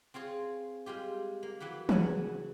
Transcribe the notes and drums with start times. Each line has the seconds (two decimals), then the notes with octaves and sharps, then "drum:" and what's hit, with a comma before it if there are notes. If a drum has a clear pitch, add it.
0.14 C4 F4 G#4 C#5
0.86 G3 G#3 F4 G4
1.43 A#3
1.60 E3 F#3 G4 B4
1.89 C#3 F#3 E4 A#4 F#5 G#5, drum: tom E3